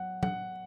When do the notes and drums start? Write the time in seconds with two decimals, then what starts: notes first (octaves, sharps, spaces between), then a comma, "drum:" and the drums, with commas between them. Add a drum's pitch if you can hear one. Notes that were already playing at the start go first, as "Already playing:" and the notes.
Already playing: F#3 F#5
0.23 F#5, drum: tom